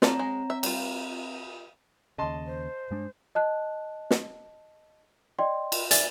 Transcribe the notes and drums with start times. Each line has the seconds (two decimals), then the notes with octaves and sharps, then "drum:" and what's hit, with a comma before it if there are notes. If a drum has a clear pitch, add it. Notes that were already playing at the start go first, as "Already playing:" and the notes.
0.02 C4 F4 A4 C#5 D5 A#5, drum: snare
0.19 G#3
0.50 E5
0.63 G3 F4, drum: cymbal
2.18 D#2 C#3 D#5 A5 C6
2.46 C5
2.91 G2 G#3 D4
3.35 D#5 A5 F#6
4.11 drum: snare
5.39 D5 D#5 G5 C6
5.72 drum: cymbal
5.91 D5 E5 G#5 A6, drum: hi-hat